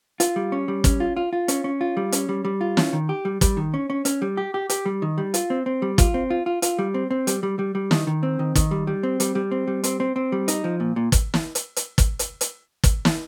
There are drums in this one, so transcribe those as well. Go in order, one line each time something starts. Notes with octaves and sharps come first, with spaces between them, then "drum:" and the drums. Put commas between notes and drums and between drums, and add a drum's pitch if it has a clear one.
F4, drum: hi-hat
G3
C#4
G3
C#4, drum: kick, hi-hat
F4
F4
F4
C#4, drum: hi-hat
C#4
F4
G3
C#4, drum: hi-hat
G3
G3
F4
C#4, drum: snare
D#3
G4
G3
G3, drum: kick, hi-hat
D#3
C#4
C#4
C#4, drum: hi-hat
G3
G4
G4
G4, drum: hi-hat
G3
D#3
G3
F4, drum: hi-hat
C4
C4
G3
F4, drum: kick, hi-hat
C4
F4
F4
F4, drum: hi-hat
G3
C4
C4
G3, drum: hi-hat
G3
G3
G3
D#3, drum: snare
D#3
C4
D#3
D#3, drum: kick, hi-hat
G3
G3
C4
G3, drum: hi-hat
G3
C4
G3
C4, drum: hi-hat
C4
C4
G3
D#4, drum: hi-hat
F3
A#2
A#2
drum: kick, hi-hat
drum: snare
drum: hi-hat
drum: hi-hat
drum: kick, hi-hat
drum: hi-hat
drum: hi-hat
drum: kick, hi-hat
drum: snare